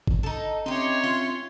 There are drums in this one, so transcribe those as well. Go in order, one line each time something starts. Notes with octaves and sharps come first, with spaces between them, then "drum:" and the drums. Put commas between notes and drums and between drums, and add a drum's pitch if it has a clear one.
drum: kick G1
D#4 A4
C4 C#4 D#4 G4 C#5 E5 C6
F4